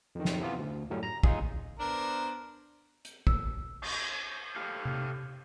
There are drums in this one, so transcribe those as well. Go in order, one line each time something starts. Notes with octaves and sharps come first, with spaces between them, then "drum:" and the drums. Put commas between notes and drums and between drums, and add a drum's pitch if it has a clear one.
F2 D#3
drum: snare
C3 E3 B3 F4
D2
F#2 A2 F#3 G3 C#4
A#5
D#4 F4 G#4, drum: kick
B3 D4 A#4 C5
drum: hi-hat
E6, drum: kick
drum: cymbal
G4 A4 F5
drum: tom C3